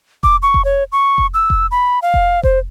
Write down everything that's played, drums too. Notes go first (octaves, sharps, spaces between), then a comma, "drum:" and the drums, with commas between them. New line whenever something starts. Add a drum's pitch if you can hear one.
D6, drum: kick F1
C#6
drum: kick F1
C#5
C#6
drum: kick F1
E6
drum: kick F1
B5
F5
drum: kick F1
C5, drum: kick F1